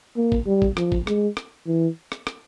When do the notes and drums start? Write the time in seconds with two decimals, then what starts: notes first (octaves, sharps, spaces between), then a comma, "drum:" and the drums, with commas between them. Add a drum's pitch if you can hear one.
0.16 A#3
0.32 drum: kick
0.47 G3
0.62 drum: kick
0.77 F3, drum: rim click
0.92 drum: kick
1.07 G#3, drum: rim click
1.37 drum: rim click
1.67 E3
2.12 drum: rim click
2.27 drum: rim click